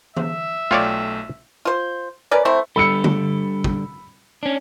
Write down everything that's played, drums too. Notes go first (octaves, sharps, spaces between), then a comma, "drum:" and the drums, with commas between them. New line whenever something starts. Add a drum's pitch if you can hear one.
E5, drum: tom E3
B1 A3 F4 C#5 D5 G5
F4 C5
C#4 A#4 B4 D5
A3 C4 E4 C5
D3 G3 A4 B5 E6 C#7
drum: tom D3
drum: kick
C#4 D4